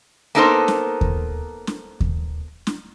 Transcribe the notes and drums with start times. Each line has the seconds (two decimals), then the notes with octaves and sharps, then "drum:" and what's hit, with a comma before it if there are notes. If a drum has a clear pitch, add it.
0.35 A#3 B3 D#4 A4 A#4 C5
0.68 drum: snare
1.01 drum: kick D#2
1.67 drum: snare
2.00 drum: kick D#2
2.67 drum: snare